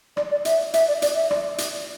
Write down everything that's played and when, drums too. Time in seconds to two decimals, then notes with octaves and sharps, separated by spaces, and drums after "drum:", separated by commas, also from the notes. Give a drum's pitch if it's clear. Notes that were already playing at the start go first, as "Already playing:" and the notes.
0.17 D5, drum: rim click
0.31 D5
0.45 E5, drum: hi-hat
0.74 E5, drum: hi-hat
0.88 D5
1.02 D5, drum: hi-hat
1.16 E5
1.31 D5, drum: rim click
1.58 drum: hi-hat